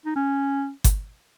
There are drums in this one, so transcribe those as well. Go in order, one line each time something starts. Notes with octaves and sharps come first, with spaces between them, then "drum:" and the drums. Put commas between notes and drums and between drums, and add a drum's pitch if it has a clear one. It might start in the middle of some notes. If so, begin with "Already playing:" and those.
D#4
C#4
drum: kick G1, hi-hat